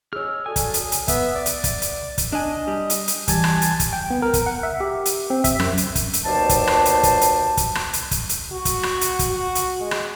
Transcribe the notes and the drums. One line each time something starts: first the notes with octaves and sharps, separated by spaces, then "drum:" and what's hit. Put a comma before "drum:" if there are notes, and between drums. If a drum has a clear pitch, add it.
G#4 C#5 D#5 E6 F6
F#4 A4 D5 G#5 D#6
drum: kick, hi-hat
drum: hi-hat
drum: hi-hat
B3 E5, drum: kick, hi-hat
D5
drum: hi-hat
drum: kick, hi-hat
drum: hi-hat
drum: kick, hi-hat
D4 D#5 G#5
G3
drum: hi-hat
drum: hi-hat
E3 G3 G#5 A5, drum: kick, hi-hat
drum: rim click
drum: hi-hat
drum: kick, hi-hat
G5
B3
A#4
drum: kick, hi-hat
F#5
E5
G4
drum: hi-hat
C4
E5, drum: kick, hi-hat
F#2, drum: rim click
drum: hi-hat
drum: kick, hi-hat
drum: hi-hat
D#2 B2 C5 D5 A5
drum: kick, hi-hat
drum: rim click
drum: hi-hat
drum: kick, hi-hat
drum: hi-hat
drum: kick, hi-hat
drum: rim click
drum: hi-hat
drum: kick, hi-hat
drum: hi-hat
F#4
drum: kick, hi-hat
drum: rim click
drum: hi-hat
drum: kick, hi-hat
F#4
drum: hi-hat
G#3
drum: rim click